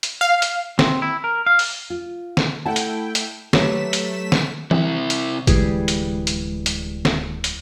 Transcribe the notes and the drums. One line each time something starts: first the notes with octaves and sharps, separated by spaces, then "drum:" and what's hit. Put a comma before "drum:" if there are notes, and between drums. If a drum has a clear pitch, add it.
drum: hi-hat
F5
drum: hi-hat
C4, drum: snare
E4
A#4
F5
drum: open hi-hat
F4
drum: snare
A3 E4 F#5 G5 A5
drum: hi-hat
drum: hi-hat
F#3 A3 G4 B4 B6 E7, drum: snare
drum: hi-hat
drum: snare
C3 E4, drum: tom E3
drum: hi-hat
D1 D2 E3 G3 G#3 G#4, drum: kick, hi-hat
drum: hi-hat
drum: hi-hat
drum: hi-hat
drum: snare
drum: hi-hat